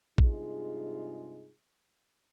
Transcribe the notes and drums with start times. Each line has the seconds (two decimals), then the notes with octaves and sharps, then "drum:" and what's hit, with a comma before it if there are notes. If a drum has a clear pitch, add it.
0.18 G2 C3 G#3 D#4 F4 G#4, drum: kick